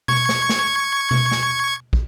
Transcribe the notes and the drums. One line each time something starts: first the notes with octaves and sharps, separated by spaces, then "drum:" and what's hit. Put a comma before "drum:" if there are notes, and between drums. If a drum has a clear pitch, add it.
C#6 G#6, drum: tom B2
drum: snare
drum: snare
drum: tom B2
drum: snare
drum: kick